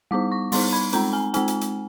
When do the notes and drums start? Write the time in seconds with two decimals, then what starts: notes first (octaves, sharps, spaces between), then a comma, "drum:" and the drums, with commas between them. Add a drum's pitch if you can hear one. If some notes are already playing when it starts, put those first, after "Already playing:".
0.11 G3 B3 D#4 D6
0.32 C#6
0.52 G3 B3 D#4 C6, drum: open hi-hat
0.73 B5
0.93 G#3 C4 D#4 A#5, drum: hi-hat
1.13 G#5
1.34 G#3 C4 D#4 G#5, drum: hi-hat
1.48 drum: hi-hat
1.61 drum: hi-hat